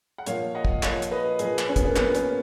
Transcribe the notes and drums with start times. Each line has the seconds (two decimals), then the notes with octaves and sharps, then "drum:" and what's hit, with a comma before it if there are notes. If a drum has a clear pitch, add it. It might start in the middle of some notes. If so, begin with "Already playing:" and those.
0.18 F#5
0.26 A#2 F3 C#5 F5, drum: hi-hat
0.55 D#5 F#5
0.65 drum: kick
0.83 A#2 F3 C#5 F5, drum: clap
1.02 drum: hi-hat
1.11 B4 D#5
1.39 A#2 F3 G#4 B4, drum: hi-hat
1.59 drum: clap
1.69 C#4
1.76 B3, drum: kick, hi-hat
1.85 A#3 C#4
1.96 A#2 F3 B3, drum: clap
2.15 A#3 C#4, drum: hi-hat